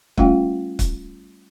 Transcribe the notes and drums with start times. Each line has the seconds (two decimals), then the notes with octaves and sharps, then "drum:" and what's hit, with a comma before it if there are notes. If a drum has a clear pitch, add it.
0.18 G3 A3 C#4 F4 F5 G5, drum: kick
0.79 drum: kick, hi-hat